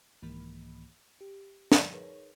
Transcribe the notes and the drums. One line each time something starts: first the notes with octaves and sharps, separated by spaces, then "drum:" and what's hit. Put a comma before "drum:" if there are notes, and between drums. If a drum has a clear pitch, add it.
C2 G#2 D#3 E3 A#3 B5
G4
drum: snare
D#4 G#4 A#4 B4 C#5